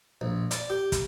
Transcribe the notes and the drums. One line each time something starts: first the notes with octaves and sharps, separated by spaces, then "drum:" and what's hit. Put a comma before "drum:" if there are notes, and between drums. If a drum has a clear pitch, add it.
A#1
D5, drum: hi-hat
G4
drum: kick, hi-hat